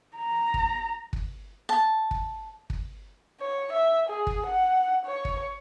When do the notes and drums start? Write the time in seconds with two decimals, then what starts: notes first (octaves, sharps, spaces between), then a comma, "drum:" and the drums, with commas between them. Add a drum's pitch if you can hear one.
0.17 A#5
0.54 drum: kick
1.13 drum: kick
1.69 A5
2.11 drum: kick
2.70 drum: kick
3.40 C#5
3.73 E5
4.09 G#4
4.27 drum: kick
4.46 F#5
5.05 C#5
5.25 drum: kick